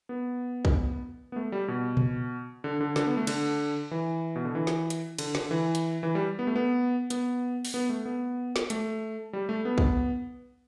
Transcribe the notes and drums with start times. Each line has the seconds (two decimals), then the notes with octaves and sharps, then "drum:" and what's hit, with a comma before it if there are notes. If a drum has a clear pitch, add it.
0.09 B3
0.65 drum: kick
1.32 B3
1.36 A3
1.52 G3
1.68 B2
1.97 drum: tom A#2
2.64 D3
2.81 D3
2.96 D3, drum: snare
3.07 B3
3.17 A3
3.27 D3, drum: cymbal
3.91 E3
4.36 B2
4.45 D3
4.55 E3
4.67 drum: snare
4.90 drum: hi-hat
5.19 D3, drum: cymbal
5.35 D3, drum: snare
5.51 E3
5.75 drum: hi-hat
6.03 E3
6.15 G3
6.39 B3
6.47 A3
6.56 B3
7.10 B3, drum: hi-hat
7.65 drum: open hi-hat
7.74 B3
7.89 A3
8.06 B3
8.56 drum: snare
8.70 A3, drum: hi-hat
9.33 G3
9.49 A3
9.65 B3
9.78 drum: kick